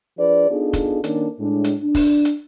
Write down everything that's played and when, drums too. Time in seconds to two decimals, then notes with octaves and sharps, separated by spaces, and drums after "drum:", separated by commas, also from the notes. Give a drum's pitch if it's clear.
0.18 F3 D4 G#4 B4 D5
0.50 B3 D4 D#4 F4 G#4 A4
0.73 drum: kick, hi-hat
1.04 D#3 A#3 C#4 D4 A4, drum: hi-hat
1.40 A2 G#3 D4
1.64 drum: hi-hat
1.82 D4
1.95 drum: kick, open hi-hat
2.25 drum: hi-hat